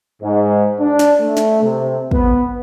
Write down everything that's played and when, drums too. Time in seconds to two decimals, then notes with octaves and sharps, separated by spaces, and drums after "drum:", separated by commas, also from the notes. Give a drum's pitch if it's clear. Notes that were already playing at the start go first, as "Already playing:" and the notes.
0.23 G#2
0.80 D4
0.99 drum: snare
1.20 A3
1.37 drum: snare
1.63 C3
2.11 B3, drum: kick